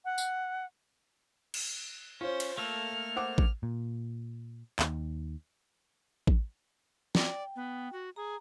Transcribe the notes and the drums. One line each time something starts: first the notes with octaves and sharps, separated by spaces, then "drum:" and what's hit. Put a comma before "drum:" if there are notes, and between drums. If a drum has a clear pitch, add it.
F#5
drum: tambourine
drum: cymbal
C#4 F4 C5 C#5
drum: cymbal
A3 A#3 A4 F6
C5 F#5 D6
drum: kick A1
A#2
D#2, drum: clap
drum: kick A1
D5 G5, drum: snare
B3
F#4
G#4 A#5